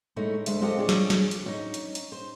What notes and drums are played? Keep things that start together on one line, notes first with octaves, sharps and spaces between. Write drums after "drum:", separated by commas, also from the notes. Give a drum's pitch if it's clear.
G#3 A3 C#4 D#4 E4
D2 G#3 E5, drum: hi-hat
G#3 C4 F4 G4 A4 D#5
D4 G#4 C#5
drum: snare
drum: snare
drum: hi-hat
C#4 D#4
drum: hi-hat
drum: hi-hat
C5